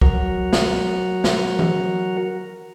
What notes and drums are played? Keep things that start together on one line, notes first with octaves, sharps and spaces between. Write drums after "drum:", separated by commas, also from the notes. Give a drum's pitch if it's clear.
F#3 F#4 A#4 F#5 A#5, drum: kick
drum: snare
drum: snare
drum: tom E3